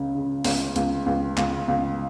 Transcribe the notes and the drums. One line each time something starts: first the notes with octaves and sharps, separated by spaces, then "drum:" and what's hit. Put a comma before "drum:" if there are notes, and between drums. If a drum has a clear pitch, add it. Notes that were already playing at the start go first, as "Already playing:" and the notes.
Already playing: C#2 C#3
C#3
C#2, drum: open hi-hat
C#2, drum: hi-hat
C#2
C#2, drum: clap
C#2